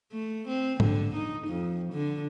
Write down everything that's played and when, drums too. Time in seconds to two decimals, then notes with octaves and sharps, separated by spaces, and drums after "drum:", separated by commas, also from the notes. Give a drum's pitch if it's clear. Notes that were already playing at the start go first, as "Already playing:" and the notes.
0.12 A3
0.48 C4
0.80 D3, drum: tom G#2
1.15 D#4
1.47 F2
1.92 D3